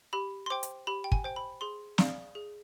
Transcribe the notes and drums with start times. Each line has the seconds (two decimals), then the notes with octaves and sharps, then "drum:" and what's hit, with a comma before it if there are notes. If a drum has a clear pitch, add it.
0.13 G4 B5
0.46 C6
0.50 C5 G5 D6
0.63 drum: hi-hat
0.87 G4 B5
1.04 G5
1.12 G#5, drum: kick
1.24 C5 G5
1.36 B5
1.61 G#4 C6
1.98 D5 F5, drum: snare
2.35 G#4